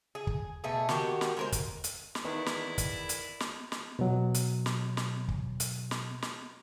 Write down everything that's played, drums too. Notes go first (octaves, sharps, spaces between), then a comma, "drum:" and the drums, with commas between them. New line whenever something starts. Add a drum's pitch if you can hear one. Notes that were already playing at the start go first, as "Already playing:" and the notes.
G#4
drum: kick
B2 A3 G#4
D#3 F#4 G4, drum: snare
drum: snare
G#3 A#4 C5
drum: kick, hi-hat
drum: hi-hat
drum: snare
E2 D#3 E4 B4 D5
drum: snare
drum: kick, hi-hat
drum: hi-hat
drum: snare
drum: snare
B2 F#3
drum: hi-hat
drum: snare
drum: snare
drum: kick
drum: hi-hat
drum: snare
drum: snare